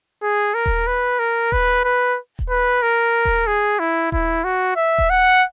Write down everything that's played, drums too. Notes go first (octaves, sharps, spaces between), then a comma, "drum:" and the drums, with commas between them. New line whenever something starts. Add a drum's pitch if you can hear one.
G#4
A#4
drum: kick D#1
B4
A#4
B4, drum: kick D#1
B4
drum: kick D#1
B4
A#4
drum: kick D#1
G#4
E4
E4, drum: kick D#1
F#4
E5
drum: kick D#1
F#5